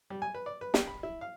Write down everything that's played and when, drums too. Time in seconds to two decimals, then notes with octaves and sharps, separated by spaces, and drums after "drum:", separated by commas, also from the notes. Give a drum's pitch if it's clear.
0.10 G3
0.22 G#5
0.34 B4
0.46 D5
0.61 B4
0.74 G5, drum: snare
0.87 B5
1.03 E4
1.21 F5